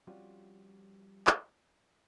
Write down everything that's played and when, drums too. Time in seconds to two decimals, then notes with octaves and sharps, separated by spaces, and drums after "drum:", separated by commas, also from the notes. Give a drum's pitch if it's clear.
0.07 F3 G3 C4 C#4 F4 F#4
1.27 drum: clap